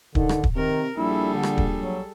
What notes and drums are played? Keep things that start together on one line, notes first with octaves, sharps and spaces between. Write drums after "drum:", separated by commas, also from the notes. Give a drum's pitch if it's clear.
D3 D#3, drum: kick
drum: rim click
drum: kick
C3 D#3 A#4
A#1 G3 E4 G#4 A4
D3
drum: rim click
drum: kick
F#3